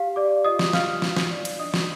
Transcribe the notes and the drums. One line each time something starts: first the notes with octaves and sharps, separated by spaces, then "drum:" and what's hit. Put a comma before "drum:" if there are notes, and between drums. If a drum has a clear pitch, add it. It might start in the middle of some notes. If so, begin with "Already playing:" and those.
Already playing: G4 F5
G4 D5 D6
F4 D#5 D#6
drum: snare
F4 F5 F6, drum: snare
D#4, drum: snare
drum: snare
D5
drum: cymbal
D4 D#5 D#6
drum: snare